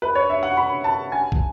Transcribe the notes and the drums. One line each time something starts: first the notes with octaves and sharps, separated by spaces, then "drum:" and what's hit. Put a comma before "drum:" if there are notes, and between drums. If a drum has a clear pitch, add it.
B4
C#5
E5
F#5
B5
A5
G#5
drum: kick